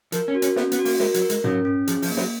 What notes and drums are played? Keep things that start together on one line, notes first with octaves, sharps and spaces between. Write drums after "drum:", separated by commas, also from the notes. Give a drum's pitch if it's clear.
F3 A#4, drum: hi-hat
C#4
F#4
C#4, drum: hi-hat
B3 C#4, drum: snare
B3, drum: hi-hat
F#4
A#3, drum: open hi-hat
G#3 A#4, drum: snare
F#3, drum: hi-hat
A#4
G#3, drum: hi-hat
F#3 C#4, drum: tom G#2
C#4
F3 G#4, drum: hi-hat
F3, drum: open hi-hat
A#3
F#3, drum: snare